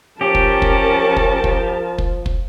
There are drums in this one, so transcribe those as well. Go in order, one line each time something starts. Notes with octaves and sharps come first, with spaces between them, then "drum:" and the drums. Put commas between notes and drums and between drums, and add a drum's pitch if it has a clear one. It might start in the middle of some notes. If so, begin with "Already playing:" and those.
F3 C#4 G4 A#4 A5
drum: kick
drum: kick
drum: kick
drum: kick
drum: kick
drum: kick